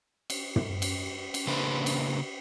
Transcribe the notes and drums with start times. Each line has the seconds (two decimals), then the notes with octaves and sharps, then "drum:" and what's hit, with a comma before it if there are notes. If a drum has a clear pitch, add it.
0.30 drum: cymbal
0.56 drum: tom
0.82 drum: cymbal
1.34 drum: cymbal
1.47 C#3 A#3 D4 B4 C5
1.86 drum: cymbal